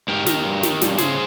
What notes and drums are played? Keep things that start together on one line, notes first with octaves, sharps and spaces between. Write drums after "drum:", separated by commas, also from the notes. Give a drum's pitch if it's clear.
G#2 G4 A#4
D#3 G4 A#4, drum: snare
G2
D#3, drum: snare
G2, drum: snare
C#3 G#4 C5, drum: snare